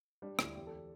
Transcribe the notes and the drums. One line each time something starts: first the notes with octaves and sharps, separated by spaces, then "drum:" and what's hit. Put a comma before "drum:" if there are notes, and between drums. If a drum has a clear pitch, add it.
G3 D4
D2 E4, drum: rim click
E2 G4
A4
G4